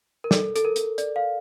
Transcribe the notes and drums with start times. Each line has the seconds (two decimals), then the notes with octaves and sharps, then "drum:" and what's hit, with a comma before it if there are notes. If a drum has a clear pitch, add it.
0.24 A#4
0.31 A4, drum: snare
0.56 A4, drum: hi-hat
0.65 A#4
0.76 drum: hi-hat
0.98 D5, drum: hi-hat
1.16 F5